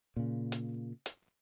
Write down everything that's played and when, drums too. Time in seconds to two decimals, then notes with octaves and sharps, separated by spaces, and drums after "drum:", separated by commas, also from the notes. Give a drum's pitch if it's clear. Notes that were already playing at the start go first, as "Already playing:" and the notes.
0.16 A#2 C#3
0.52 drum: hi-hat
1.06 drum: hi-hat